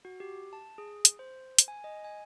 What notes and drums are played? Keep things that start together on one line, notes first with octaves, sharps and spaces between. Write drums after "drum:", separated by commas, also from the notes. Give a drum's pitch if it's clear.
F#4
G4
A5
G#4
drum: hi-hat
C5
drum: hi-hat
G#5
D#5
G#5